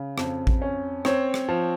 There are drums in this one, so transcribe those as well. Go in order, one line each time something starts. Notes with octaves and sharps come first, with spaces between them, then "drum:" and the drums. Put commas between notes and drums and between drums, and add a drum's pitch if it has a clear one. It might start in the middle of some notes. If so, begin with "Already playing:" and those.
Already playing: C#3
F2, drum: rim click
drum: kick A1
C#4
C4 C#5, drum: rim click
drum: rim click
F3